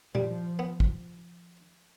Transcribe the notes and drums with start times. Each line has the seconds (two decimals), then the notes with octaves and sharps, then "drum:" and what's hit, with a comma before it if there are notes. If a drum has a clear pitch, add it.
0.15 F3 G3, drum: tom A#2
0.59 B3
0.80 drum: kick